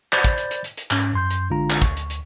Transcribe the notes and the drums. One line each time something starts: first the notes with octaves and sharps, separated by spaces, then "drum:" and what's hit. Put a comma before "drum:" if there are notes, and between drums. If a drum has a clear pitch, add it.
C5 D5 B5 G6 A6, drum: clap
drum: kick, hi-hat
drum: hi-hat
drum: hi-hat
drum: hi-hat
drum: hi-hat
G#2 C#4, drum: clap
F#2 C6 G6
drum: hi-hat
A#1 D3 G#3 D4 F4 A#5
drum: clap
D2 C#6, drum: kick, hi-hat
drum: hi-hat
drum: hi-hat